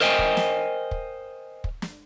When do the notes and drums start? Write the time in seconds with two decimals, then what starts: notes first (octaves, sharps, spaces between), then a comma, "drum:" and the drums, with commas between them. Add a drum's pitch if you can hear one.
0.01 A#4 C5 D#5 G5 G#5
0.19 drum: kick
0.37 drum: snare
0.91 drum: kick
1.64 drum: kick
1.82 drum: snare